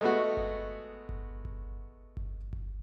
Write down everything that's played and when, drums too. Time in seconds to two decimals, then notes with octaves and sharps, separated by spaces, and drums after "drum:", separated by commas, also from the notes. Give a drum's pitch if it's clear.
0.01 G#3 A3 B3 F#4
0.37 drum: kick G1
1.09 drum: kick G1
1.45 drum: kick G1
2.17 drum: kick G1
2.53 drum: kick G1